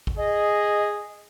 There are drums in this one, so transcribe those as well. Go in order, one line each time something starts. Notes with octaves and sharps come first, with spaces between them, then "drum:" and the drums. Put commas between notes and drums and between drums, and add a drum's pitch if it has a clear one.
drum: kick A1
G#4 D#5